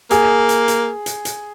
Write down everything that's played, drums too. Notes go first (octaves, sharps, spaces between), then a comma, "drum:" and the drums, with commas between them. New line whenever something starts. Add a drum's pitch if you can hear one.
A#3 G#4, drum: hi-hat
drum: hi-hat
drum: hi-hat
drum: hi-hat
drum: hi-hat